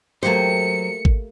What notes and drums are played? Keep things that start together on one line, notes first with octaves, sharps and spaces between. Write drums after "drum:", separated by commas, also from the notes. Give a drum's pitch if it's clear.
F#3 A3 A#3 G4 C5 C#7
drum: kick G#1